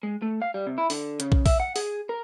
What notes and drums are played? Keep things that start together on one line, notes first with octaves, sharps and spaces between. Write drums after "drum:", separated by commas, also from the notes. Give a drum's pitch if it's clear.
G#3
A3
F5
G3
C3
E4
D3, drum: open hi-hat
C#3, drum: hi-hat
drum: kick
E5, drum: kick, open hi-hat
F#5
G#4, drum: open hi-hat
A#4